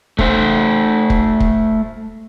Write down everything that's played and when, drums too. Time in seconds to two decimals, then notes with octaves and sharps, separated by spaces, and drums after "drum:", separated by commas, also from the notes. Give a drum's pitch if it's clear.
0.19 A3 C5, drum: kick
1.10 drum: kick
1.40 drum: kick